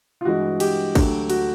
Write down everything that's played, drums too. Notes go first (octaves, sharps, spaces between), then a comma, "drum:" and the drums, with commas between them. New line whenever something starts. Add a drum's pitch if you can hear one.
F4
G2 E3 G#3 F#4
G4, drum: cymbal
D2 D3 F#3 A3, drum: kick, cymbal
F#4, drum: cymbal